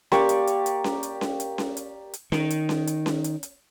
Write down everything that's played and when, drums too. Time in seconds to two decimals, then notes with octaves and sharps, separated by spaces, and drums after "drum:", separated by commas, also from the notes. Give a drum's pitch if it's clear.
0.12 A#3 G4 D5 C#6, drum: snare C#4
0.29 drum: hi-hat
0.47 drum: hi-hat
0.66 drum: hi-hat
0.84 drum: snare C#4
1.03 drum: hi-hat
1.21 drum: snare C#4
1.40 drum: hi-hat
1.58 drum: snare C#4
1.77 drum: hi-hat
2.14 drum: hi-hat
2.32 D#3, drum: snare C#4
2.50 drum: hi-hat
2.69 drum: snare C#4
2.87 drum: hi-hat
3.06 drum: snare C#4
3.24 drum: hi-hat
3.43 drum: hi-hat